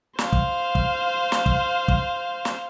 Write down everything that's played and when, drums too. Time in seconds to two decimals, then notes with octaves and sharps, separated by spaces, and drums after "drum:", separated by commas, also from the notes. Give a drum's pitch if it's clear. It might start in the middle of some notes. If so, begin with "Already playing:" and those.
0.19 C5 F5, drum: snare
0.33 drum: kick
0.75 drum: kick
1.32 drum: snare
1.46 drum: kick
1.88 drum: kick
2.45 drum: snare